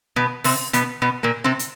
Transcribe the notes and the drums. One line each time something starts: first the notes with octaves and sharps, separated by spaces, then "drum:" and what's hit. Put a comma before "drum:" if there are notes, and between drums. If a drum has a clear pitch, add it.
B2 B3
C3 C4, drum: open hi-hat
B2 B3, drum: hi-hat
B2 B3
A#2 A#3
C3 C4
drum: hi-hat